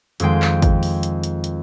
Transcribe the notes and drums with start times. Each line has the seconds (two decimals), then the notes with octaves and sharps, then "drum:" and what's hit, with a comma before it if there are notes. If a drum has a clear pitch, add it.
0.20 F2 D#3 G#3 G5, drum: hi-hat
0.42 drum: clap
0.62 drum: kick G#1, hi-hat
0.83 drum: open hi-hat
1.03 drum: hi-hat
1.23 drum: hi-hat
1.44 drum: hi-hat